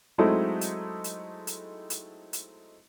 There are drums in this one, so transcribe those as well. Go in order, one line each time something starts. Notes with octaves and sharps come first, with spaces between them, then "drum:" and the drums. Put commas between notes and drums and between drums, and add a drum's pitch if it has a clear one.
F#3 G#3 A3 C4 D#4 E4
drum: hi-hat
drum: hi-hat
drum: hi-hat
drum: hi-hat
drum: hi-hat